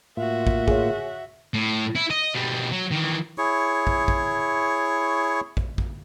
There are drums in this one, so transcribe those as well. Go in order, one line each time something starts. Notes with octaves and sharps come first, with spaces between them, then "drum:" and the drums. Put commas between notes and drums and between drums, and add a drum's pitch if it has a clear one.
A2 A#3 F4 F#4 E5
drum: kick
G#4 C#5, drum: kick
A2
E4
D#5
B2 G3
F#3
D#3 E3
E4 G#4 C#5 C#6
drum: kick
drum: kick
drum: kick
drum: kick